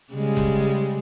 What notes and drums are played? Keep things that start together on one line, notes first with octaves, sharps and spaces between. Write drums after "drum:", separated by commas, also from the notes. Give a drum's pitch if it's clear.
C#3 G3 G#3
drum: kick F1